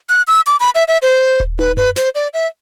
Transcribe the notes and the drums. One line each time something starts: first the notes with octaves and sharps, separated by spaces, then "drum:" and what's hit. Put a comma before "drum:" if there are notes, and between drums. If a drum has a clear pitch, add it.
F#6
E6
D6
B5
E5
E5
C5
drum: kick D#1
B4, drum: tom
B4, drum: tom F#2
C5, drum: snare
D5
E5